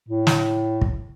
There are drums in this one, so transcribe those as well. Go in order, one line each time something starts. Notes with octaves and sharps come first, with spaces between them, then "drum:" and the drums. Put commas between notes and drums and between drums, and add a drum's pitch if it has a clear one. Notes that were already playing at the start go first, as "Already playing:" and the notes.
A2
drum: snare
drum: kick